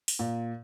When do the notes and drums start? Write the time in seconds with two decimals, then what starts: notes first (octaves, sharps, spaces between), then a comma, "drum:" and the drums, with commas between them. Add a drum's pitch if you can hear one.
0.08 drum: open hi-hat
0.19 A#2